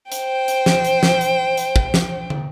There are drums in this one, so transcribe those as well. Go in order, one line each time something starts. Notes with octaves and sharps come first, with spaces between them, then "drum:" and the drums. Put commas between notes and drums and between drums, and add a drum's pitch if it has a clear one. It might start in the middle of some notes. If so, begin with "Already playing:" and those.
C5 G5, drum: hi-hat
drum: hi-hat
drum: snare
drum: hi-hat
drum: snare
drum: hi-hat
drum: hi-hat
drum: kick
drum: snare
drum: tom